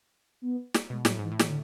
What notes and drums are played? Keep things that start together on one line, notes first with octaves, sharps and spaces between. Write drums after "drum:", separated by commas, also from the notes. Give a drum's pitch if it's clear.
B3
drum: snare
B2 G#3
A2 F#3, drum: snare
G#2 E3
A2
E3, drum: snare
D3